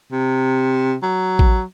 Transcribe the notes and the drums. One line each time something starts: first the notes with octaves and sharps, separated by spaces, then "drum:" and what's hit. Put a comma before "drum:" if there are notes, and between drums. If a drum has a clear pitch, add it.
C3
F#3
drum: kick A1